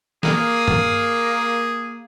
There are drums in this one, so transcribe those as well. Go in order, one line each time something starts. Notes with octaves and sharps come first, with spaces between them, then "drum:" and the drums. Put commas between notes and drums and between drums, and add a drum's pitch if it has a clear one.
A#3 G#4, drum: snare
drum: tom G2